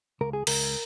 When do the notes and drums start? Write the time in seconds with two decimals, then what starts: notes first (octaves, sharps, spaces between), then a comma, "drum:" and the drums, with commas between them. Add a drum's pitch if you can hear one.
0.21 C#2 A#4
0.33 G#4
0.47 C#2 A#4, drum: cymbal